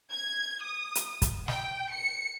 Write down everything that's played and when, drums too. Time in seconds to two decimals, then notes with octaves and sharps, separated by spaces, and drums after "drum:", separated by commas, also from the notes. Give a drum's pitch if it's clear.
0.11 G#6
0.62 D#6
0.95 drum: hi-hat
1.22 drum: kick, hi-hat
1.48 G5, drum: snare
1.92 C#7